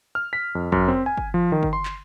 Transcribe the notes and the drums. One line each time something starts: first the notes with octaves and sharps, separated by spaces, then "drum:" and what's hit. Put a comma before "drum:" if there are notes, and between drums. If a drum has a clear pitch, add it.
F6
B6
F2
F#2, drum: kick G1
C4
G#5
drum: kick G1
F3
D#3
drum: kick G1
C6
drum: clap